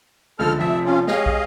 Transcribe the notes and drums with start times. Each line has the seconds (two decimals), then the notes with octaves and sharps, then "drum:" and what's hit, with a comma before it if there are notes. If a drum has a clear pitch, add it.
0.39 C#2 D3 F3 A4 F6
0.59 F1 F3 E5
0.85 C#3 C#4 F4
1.07 G#3 G4 G#4 C#5 D#5 F5, drum: snare
1.26 drum: kick